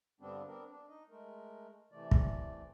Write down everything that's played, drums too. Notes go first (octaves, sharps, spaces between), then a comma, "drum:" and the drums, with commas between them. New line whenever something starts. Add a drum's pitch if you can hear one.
G2 D3 G3 B3 C4 D4
B3 C4 D4 A#4
D4
D#4 D#5
G#3 A3 A#4
C3 E3 A3 D5
drum: kick